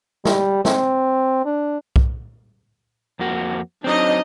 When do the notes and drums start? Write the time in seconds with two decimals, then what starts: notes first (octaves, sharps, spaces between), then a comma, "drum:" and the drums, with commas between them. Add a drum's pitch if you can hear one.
0.25 G3, drum: snare
0.65 C4, drum: snare
1.46 D4
1.96 drum: kick
3.19 F2 A#3 F#4
3.84 F#3 C4 D4 D#4 D#5